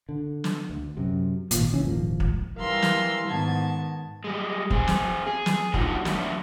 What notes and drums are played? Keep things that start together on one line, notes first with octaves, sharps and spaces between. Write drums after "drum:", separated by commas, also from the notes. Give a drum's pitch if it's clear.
D3
drum: snare
D2
F#2 C3
G#1 A#2, drum: hi-hat
C3 E3 C#4
D#1 G#2 F3 A#3
drum: kick
E3 G3 A#4 F5 C6 E6
drum: snare
G#2 D#3 B3 A5 G#6
G3 G#3
C4 G#4, drum: kick
drum: snare
G#4
drum: snare
F#3 G3 D4 D#4 F4 F#4, drum: kick
F#2 D3 A3 D5 E5, drum: snare